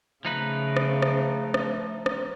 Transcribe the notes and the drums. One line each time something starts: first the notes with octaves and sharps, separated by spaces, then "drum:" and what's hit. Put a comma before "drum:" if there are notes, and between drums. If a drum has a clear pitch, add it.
C#3 F3 A3 D#4 B4
drum: rim click
drum: rim click
drum: rim click
drum: rim click